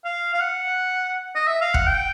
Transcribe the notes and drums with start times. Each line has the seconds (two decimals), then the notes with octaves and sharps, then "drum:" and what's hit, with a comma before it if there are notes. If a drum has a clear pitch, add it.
0.05 F5
0.34 F5
0.41 F#5
1.36 D#5
1.48 E5
1.61 F5
1.74 F#5, drum: kick
1.87 G5